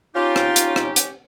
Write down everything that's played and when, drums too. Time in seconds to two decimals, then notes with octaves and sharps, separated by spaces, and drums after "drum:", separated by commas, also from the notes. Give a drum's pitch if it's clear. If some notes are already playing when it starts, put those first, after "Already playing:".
0.16 C#4 D#4 F4 G4
0.36 drum: rim click
0.56 drum: hi-hat
0.76 drum: rim click
0.96 drum: hi-hat